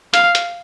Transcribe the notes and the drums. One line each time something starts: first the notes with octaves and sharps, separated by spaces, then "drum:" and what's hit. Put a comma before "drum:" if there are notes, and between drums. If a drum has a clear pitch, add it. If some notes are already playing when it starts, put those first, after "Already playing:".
F5, drum: hi-hat
drum: hi-hat